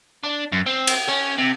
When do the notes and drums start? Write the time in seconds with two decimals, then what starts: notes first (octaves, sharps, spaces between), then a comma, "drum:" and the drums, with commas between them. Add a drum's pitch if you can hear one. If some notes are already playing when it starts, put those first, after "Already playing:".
0.24 D4
0.52 F#2
0.66 C4
0.87 drum: cymbal
1.08 C#4
1.38 C3